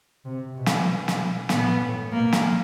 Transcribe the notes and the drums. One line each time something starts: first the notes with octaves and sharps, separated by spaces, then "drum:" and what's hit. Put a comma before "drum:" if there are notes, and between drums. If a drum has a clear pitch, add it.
C3
B2
drum: snare
drum: snare
A#2 B3, drum: snare
A2
B2 A#3
drum: snare